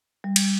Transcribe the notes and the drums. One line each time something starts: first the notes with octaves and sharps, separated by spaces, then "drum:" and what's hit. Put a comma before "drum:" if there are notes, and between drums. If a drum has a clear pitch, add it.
G3
drum: cymbal